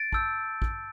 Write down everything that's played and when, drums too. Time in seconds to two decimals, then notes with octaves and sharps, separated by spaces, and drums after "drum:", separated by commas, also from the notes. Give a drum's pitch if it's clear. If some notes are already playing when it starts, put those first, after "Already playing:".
Already playing: A6 D7
0.13 A5 E6 G6, drum: kick
0.62 drum: kick